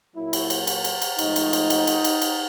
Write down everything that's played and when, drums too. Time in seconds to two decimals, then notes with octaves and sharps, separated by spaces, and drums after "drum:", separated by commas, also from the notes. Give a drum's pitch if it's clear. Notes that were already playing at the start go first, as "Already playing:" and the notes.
0.15 A#2 F#3 A#3 E4
0.33 drum: cymbal
0.50 drum: cymbal
0.67 drum: cymbal
0.84 drum: cymbal
1.02 drum: cymbal
1.19 G#2 F3 A3 D#4, drum: cymbal
1.36 drum: cymbal
1.53 drum: cymbal
1.70 drum: cymbal
1.87 drum: cymbal
2.04 drum: cymbal
2.22 drum: cymbal